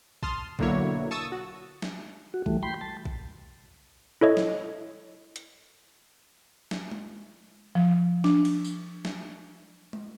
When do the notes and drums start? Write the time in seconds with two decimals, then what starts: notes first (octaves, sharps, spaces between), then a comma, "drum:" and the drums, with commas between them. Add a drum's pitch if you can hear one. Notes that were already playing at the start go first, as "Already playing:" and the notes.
0.23 A5 C6 D#6 F6, drum: kick A#1
0.59 B2 D3 F#3 A#3 E4 C#5, drum: kick A#1
1.11 A5 C#6 D#6 E6 A6 D#7
1.32 F#4
1.82 drum: snare
2.34 F#4
2.46 E3 G3 A3, drum: kick A#1
2.63 G5 B5 C6
2.81 A5
3.05 drum: kick A#1
4.21 E4 A4 C#5 D#5
4.37 drum: snare
5.36 drum: hi-hat
6.71 drum: snare
6.92 drum: tom G#3
7.75 F3
8.24 D4, drum: snare
8.45 drum: cymbal
8.64 drum: tambourine
9.05 drum: snare
9.93 drum: tom G#3